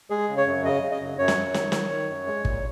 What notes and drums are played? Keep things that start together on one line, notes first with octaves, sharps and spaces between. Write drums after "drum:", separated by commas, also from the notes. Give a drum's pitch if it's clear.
G#3 G#4
C#3
C#5
F#2
C#3 D#5
C#3
D#5
F#2
F#2 C#5
drum: snare
F#2
D#3, drum: snare
D#3, drum: snare
D#3
F#2
G#3
A#2, drum: kick